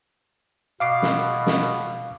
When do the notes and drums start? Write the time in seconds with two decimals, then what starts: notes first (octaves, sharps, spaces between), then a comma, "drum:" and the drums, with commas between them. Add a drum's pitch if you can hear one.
0.80 B2 F5 D6 C7
1.02 drum: snare
1.47 drum: snare